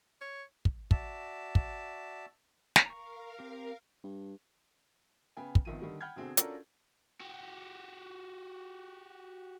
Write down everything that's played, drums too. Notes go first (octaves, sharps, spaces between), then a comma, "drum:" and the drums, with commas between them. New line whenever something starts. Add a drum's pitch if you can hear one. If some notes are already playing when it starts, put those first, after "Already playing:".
C#5
drum: kick
F#4 D5 E5 A5, drum: kick
drum: kick
drum: snare
A#4 F5 A#5 C#6
C4 G4
G2
C#3 B3 G5 G#5
drum: kick
G1 C2 D#3 F3 D#7
D3 D#3 G3
F#5 G5 B5 F6 G6 G#6
B2 D3 C4 G#4
C#4 D4 F4 F#4 A4 A#4, drum: hi-hat
F#4 G4